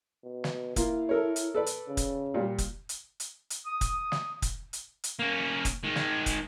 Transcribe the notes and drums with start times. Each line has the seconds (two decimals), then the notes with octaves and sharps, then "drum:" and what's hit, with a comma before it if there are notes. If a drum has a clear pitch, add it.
0.24 B2
0.44 drum: snare
0.76 A#3 E4 F4, drum: kick, hi-hat
1.09 A4 A#4 C#5
1.36 drum: hi-hat
1.55 A4 B4 D5
1.66 drum: hi-hat
1.88 C#3
1.97 drum: kick, hi-hat
2.34 A#2 G3
2.58 drum: kick, hi-hat
2.89 drum: hi-hat
3.20 drum: hi-hat
3.50 drum: hi-hat
3.66 D#6
3.81 drum: kick, hi-hat
4.12 drum: snare
4.42 drum: kick, hi-hat
4.73 drum: hi-hat
5.04 drum: hi-hat
5.19 A#3 C#4
5.65 drum: kick, hi-hat
5.83 D#3 G#3
5.96 drum: snare
6.26 drum: kick, hi-hat